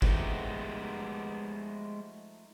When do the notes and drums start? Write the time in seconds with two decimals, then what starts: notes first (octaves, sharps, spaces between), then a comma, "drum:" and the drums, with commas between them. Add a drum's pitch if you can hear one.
0.02 F3 G#3 A3 B3 D#4 G4, drum: kick